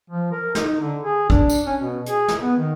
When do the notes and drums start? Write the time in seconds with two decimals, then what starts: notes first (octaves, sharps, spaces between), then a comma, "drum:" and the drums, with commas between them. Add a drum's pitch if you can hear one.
0.10 F3
0.32 A#4
0.55 D#4, drum: snare
0.80 D3
1.04 G#4
1.30 D4, drum: kick
1.50 drum: tambourine
1.66 C#4
1.80 B2
2.06 G#4, drum: hi-hat
2.28 drum: snare
2.42 B3
2.57 D#3